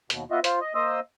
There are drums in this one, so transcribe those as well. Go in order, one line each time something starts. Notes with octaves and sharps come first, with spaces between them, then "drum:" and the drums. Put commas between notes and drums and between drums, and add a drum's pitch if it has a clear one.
D#2 B2, drum: hi-hat
B3 F4 F#4 D#5 E5
F4 C5, drum: hi-hat
D#5
A#3 C5 D#5 D#6 E6